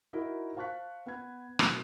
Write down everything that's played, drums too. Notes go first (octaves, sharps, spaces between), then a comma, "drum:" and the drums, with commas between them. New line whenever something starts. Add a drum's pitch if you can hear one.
D#4 E4 F#4 A#4
C5 F5 A5 C#6 F#6 B6
B3 G#6
F#1 B2 A3 F6 F#6, drum: rim click